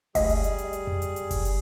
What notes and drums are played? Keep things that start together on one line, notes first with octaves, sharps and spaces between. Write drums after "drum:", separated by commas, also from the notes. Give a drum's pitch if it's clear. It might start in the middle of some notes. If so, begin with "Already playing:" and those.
D2 G3 G#4 D#5, drum: kick F#1, open hi-hat
drum: hi-hat
drum: hi-hat
drum: hi-hat
drum: hi-hat
drum: tom F2
drum: hi-hat
drum: hi-hat
drum: kick F#1, open hi-hat
drum: hi-hat